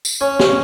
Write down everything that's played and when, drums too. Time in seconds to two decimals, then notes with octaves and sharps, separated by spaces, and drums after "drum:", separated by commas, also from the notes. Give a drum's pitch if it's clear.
0.05 drum: tambourine
0.21 C#4 C#5
0.39 C#4, drum: snare